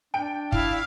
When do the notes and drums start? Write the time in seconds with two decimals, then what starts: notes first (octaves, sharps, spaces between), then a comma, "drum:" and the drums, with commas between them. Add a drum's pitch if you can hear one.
0.14 D4 G5 D7
0.52 E4 F5, drum: kick